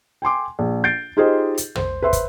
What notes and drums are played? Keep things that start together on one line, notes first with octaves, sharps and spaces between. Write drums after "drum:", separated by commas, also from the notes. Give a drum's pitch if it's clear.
G5 G#5 C6 D6
A#1
G6 A6 C7 D7
D#4 F4 G4 G#4 C5 D#5
drum: hi-hat
C5, drum: tom
B4 C5 E5 C6
drum: kick, hi-hat